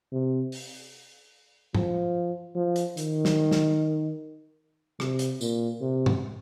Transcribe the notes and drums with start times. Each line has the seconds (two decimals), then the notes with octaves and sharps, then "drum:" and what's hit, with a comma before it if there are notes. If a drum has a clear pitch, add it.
0.12 C3
0.52 drum: open hi-hat
1.75 F3, drum: tom G2
2.56 F3
2.76 drum: hi-hat
2.97 D#3, drum: hi-hat
3.25 drum: snare
3.51 drum: snare
5.00 C3, drum: rim click
5.19 drum: hi-hat
5.41 A#2, drum: tambourine
5.81 C3
6.06 drum: tom G2